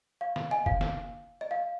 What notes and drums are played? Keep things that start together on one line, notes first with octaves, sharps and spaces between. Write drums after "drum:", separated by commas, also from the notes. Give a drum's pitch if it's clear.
F5
drum: snare
D#5 G#5
F5, drum: kick F1
drum: snare
D#5
F5